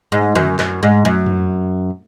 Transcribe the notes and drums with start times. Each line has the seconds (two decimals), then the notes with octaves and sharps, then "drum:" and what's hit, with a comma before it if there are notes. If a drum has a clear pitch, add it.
0.12 G#2
0.35 F#2, drum: tom D3
0.59 F#2, drum: clap
0.83 G#2
1.05 F#2
1.26 drum: tom F2